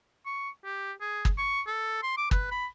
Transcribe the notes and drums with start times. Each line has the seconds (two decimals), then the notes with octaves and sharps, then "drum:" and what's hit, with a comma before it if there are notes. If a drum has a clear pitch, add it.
0.26 C#6
0.65 G4
1.01 G#4
1.25 drum: kick
1.38 C#6
1.67 A4
2.03 C6
2.17 D6
2.31 B4, drum: kick
2.51 B5